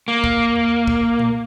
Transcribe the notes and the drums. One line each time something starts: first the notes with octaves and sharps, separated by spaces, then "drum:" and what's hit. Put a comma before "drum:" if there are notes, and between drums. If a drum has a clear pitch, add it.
A#3
drum: kick
drum: tom E2
drum: kick
drum: tom A#2